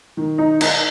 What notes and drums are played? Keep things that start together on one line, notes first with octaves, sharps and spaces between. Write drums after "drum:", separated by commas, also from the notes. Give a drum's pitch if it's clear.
D#3
D#4
D#4, drum: cymbal